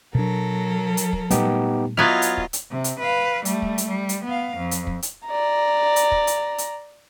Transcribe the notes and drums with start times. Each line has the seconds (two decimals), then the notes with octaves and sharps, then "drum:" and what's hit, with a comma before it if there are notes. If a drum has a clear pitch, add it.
0.15 B2 F#3 D4 A4 A#4
0.97 drum: hi-hat
1.13 drum: kick
1.31 A#2 G3 A3 B3 D#4 G4, drum: hi-hat
1.97 F#3 B3 E4 F4 D#5 F6 G#6 A6
2.22 drum: hi-hat
2.37 drum: kick
2.53 drum: hi-hat
2.71 C3
2.84 drum: hi-hat
3.00 B4 F5
3.45 G3 A3, drum: hi-hat
3.62 drum: kick
3.78 drum: hi-hat
3.88 G3
4.09 drum: hi-hat
4.25 B3 F5
4.57 F2
4.71 drum: hi-hat
4.87 drum: kick
5.02 drum: hi-hat
5.28 D5 A#5
5.96 drum: hi-hat
6.12 drum: kick
6.27 drum: hi-hat
6.58 drum: hi-hat